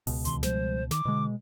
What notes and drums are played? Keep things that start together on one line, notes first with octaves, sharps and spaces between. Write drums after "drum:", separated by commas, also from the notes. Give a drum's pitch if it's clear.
C#2 B2, drum: open hi-hat
D2 D#3 C6, drum: hi-hat
F3 G3 G#3 C5, drum: snare
D#3 D6, drum: snare
B2 D3 G#3